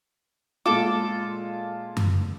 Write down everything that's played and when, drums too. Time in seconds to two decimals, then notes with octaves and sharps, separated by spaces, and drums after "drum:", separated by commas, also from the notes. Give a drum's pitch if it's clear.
0.66 A#2 G#3 F4 A4 A5 D6
1.97 drum: tom F#2